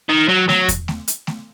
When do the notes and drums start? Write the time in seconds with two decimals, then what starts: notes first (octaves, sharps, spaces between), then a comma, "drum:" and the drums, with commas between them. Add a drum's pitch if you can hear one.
0.09 D#3
0.29 F#3
0.49 F#3, drum: snare A3
0.68 drum: kick E2, hi-hat
0.88 drum: snare A3
1.08 drum: hi-hat
1.27 drum: snare A3